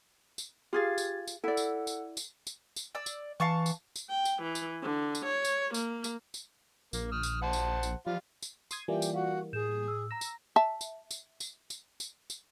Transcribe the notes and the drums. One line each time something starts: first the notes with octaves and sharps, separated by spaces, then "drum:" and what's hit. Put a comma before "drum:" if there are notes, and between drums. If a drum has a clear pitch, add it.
drum: tambourine
F4 G4 G#4 F5 G#6 A6
drum: tambourine
drum: tambourine
E4 A4 D5 F#5
drum: tambourine
drum: tambourine
drum: tambourine
drum: tambourine
drum: tambourine
D5 E6
drum: tambourine
E3 F5 A5 C#6
drum: tambourine
drum: tambourine
G5
drum: tambourine
E3
drum: tambourine
D3
drum: tambourine
C#5
drum: tambourine
A#3, drum: tambourine
drum: tambourine
drum: tambourine
A#1 A#3, drum: tambourine
D#6 F6
drum: tambourine
C5 F#5 A5
drum: tambourine
drum: tambourine
F3 G3 F4
drum: tambourine
C6 D#6 G#6, drum: tambourine
E3 G3 A#3 F4 G4 D5 E5 G#5
drum: tambourine
F#4 F5 F#5
A2 G#4 G6 E7
E6
A#5 E6 A#6
drum: tambourine
E5 A5
drum: tambourine
drum: tambourine
drum: tambourine
drum: tambourine
drum: tambourine
drum: tambourine